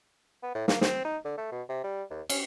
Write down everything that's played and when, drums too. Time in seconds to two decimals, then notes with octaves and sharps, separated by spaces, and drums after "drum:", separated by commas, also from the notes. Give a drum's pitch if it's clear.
0.43 B3
0.55 A2
0.68 A#3, drum: snare
0.81 C4, drum: snare
1.05 D#4
1.25 D3
1.38 A3
1.52 B2
1.69 C3
1.84 G3
2.10 D#2
2.30 C#4, drum: cymbal